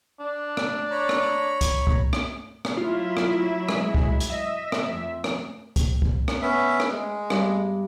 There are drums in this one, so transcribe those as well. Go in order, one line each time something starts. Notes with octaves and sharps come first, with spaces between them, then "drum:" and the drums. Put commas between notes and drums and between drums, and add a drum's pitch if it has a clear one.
D4
drum: rim click
C#5 A#5 B5
drum: rim click
drum: kick C2, hi-hat
drum: kick C2
drum: rim click
drum: rim click
F#3 E4 F4 E5
drum: rim click
G#3, drum: rim click
drum: kick C2
drum: hi-hat
D#5 E5
drum: rim click
F2
drum: rim click
drum: kick C2, hi-hat
drum: kick C2
drum: rim click
B3 C#4 E5
drum: rim click
G#3
G2, drum: rim click